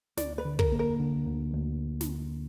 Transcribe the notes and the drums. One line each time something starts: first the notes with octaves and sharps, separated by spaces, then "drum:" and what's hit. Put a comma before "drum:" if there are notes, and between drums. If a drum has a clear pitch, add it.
D2 D5, drum: snare
B4
D3
A#4, drum: kick
A#3
A#4
D3
D2
D2
drum: snare